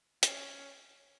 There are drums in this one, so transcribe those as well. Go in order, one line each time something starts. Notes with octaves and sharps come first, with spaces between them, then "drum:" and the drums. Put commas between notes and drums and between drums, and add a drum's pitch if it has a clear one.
C#4, drum: hi-hat